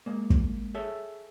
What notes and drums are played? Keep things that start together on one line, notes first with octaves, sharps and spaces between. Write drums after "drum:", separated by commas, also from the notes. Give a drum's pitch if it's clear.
G#3 A#3
drum: kick
G#4 A4 C#5 E5